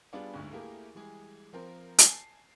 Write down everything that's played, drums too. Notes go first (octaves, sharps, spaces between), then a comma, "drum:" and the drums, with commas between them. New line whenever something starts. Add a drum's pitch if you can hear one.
G3 B3 D4 F4 G#4 D5
G1 D2 G#2
A3 A#3 E4 G4 G#4 A#4
E3 G3 G#3 G#4
F3 C4 A#4
G#5 A5 C7, drum: hi-hat